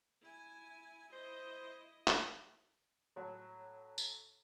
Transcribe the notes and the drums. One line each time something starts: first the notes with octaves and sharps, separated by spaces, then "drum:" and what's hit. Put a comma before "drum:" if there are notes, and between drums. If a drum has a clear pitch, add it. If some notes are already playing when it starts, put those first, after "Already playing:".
E4 G#5
E4 C5 D#5
drum: clap
A2 F#3 A3
drum: tambourine